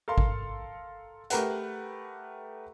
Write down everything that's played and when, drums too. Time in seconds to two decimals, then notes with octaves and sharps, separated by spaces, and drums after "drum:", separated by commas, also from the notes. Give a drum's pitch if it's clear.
0.08 A4 A#4 F5 C6
0.18 drum: kick G#1
1.30 A3 G4 A#4 B4 F#5, drum: hi-hat